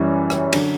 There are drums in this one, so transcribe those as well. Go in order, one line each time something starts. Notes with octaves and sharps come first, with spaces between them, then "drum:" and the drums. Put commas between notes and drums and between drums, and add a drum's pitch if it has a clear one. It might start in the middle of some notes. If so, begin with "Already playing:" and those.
Already playing: F#2 E3 G3 C#4
drum: rim click
D3 F#3, drum: cymbal